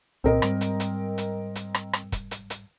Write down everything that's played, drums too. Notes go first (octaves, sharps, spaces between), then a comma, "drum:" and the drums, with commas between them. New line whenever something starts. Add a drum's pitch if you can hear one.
C2 A#2 C4 A#4 D#5
G#2 G3, drum: rim click
drum: hi-hat
drum: hi-hat
drum: hi-hat
drum: hi-hat
drum: rim click
drum: rim click
drum: kick, hi-hat
drum: hi-hat
drum: hi-hat